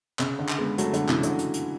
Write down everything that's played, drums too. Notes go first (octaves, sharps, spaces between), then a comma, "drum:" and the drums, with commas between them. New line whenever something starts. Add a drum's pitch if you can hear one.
C#3, drum: clap
D3
drum: clap
G#3 B3
F#3 A3, drum: hi-hat
D3 F#3, drum: hi-hat
C#3 E3, drum: clap
D3 F#3, drum: hi-hat
drum: hi-hat
drum: hi-hat